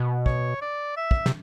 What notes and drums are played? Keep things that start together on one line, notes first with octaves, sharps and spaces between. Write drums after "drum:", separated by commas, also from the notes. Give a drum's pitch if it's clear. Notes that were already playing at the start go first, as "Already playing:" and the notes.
Already playing: B2
C#5, drum: kick
D5
E5
drum: kick
C3, drum: snare